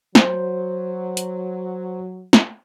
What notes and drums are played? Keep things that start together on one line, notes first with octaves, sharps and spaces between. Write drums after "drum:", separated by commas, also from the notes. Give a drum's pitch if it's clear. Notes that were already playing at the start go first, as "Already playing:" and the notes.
F#3 C5, drum: snare
drum: hi-hat
drum: snare